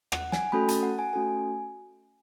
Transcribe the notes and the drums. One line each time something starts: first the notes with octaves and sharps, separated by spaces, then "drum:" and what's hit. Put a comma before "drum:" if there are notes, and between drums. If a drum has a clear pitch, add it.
F#5, drum: rim click
G#5, drum: snare
A3 C#4 F#4 A4 B5
A5, drum: hi-hat
F#5
G#5
A3 C#4 F#4 A4 G#5